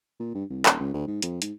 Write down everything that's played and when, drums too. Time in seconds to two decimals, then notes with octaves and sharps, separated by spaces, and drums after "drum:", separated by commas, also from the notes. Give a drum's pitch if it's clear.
0.19 A#2
0.34 G2
0.50 C2
0.66 D#1, drum: clap
0.79 C#2
0.94 D2
1.07 G#2
1.22 F2, drum: hi-hat
1.42 G#2, drum: hi-hat